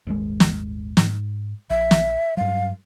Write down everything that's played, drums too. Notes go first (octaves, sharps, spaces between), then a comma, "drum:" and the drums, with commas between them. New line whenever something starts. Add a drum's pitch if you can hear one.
D#1 G#1 G#3
drum: snare
G#2, drum: snare
A#1 E5
drum: snare
G2 F#3 F5